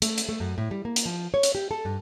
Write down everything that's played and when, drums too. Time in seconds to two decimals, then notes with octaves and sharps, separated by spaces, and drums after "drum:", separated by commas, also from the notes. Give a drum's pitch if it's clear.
0.02 A3, drum: hi-hat
0.18 drum: hi-hat
0.29 A3
0.40 F#2
0.58 A2
0.71 G3
0.85 A#3
0.96 drum: hi-hat
1.06 F3
1.34 C#5
1.43 drum: hi-hat
1.55 G4
1.71 A4
1.85 G2